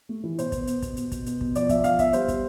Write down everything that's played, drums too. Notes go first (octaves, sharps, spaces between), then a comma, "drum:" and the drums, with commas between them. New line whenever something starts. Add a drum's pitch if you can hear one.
A3
E3
B2 C5, drum: hi-hat
B3, drum: kick, hi-hat
B3, drum: hi-hat
B2, drum: kick, hi-hat
B2, drum: hi-hat
B2, drum: kick, hi-hat
B3, drum: hi-hat
B2, drum: kick
F3 D5, drum: hi-hat
F3 E5, drum: kick, hi-hat
F3 F5, drum: hi-hat
B3 E5, drum: kick, hi-hat
G3 C5, drum: hi-hat
G3, drum: kick, hi-hat